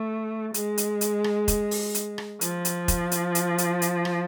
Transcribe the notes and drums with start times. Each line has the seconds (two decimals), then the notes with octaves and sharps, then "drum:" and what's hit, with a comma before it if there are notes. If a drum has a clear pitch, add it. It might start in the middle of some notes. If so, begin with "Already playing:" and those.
Already playing: A3
0.54 G#3, drum: hi-hat
0.78 drum: hi-hat
1.01 drum: hi-hat
1.24 drum: rim click
1.48 drum: kick F1, hi-hat
1.71 drum: open hi-hat
1.95 drum: hi-hat
2.18 drum: rim click
2.41 F3, drum: hi-hat
2.65 drum: hi-hat
2.88 drum: kick F1, hi-hat
3.11 drum: hi-hat
3.35 drum: hi-hat
3.58 drum: hi-hat
3.82 drum: hi-hat
4.05 drum: rim click